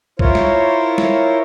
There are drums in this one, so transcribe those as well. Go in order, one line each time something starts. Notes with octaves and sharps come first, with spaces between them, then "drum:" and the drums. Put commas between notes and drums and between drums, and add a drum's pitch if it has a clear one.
E4 F4 A#4 C5 C#5, drum: kick
drum: snare
drum: snare